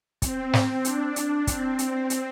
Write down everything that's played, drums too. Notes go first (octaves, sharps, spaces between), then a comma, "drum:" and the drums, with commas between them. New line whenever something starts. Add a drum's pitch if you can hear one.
C4, drum: kick, hi-hat
drum: snare
D4, drum: hi-hat
drum: hi-hat
C4, drum: kick, hi-hat
drum: hi-hat
drum: hi-hat